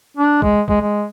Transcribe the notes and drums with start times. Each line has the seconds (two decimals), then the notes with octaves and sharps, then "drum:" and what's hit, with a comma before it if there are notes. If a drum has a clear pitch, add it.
0.17 D4
0.42 G#3, drum: kick
0.68 G#3, drum: kick
0.81 G#3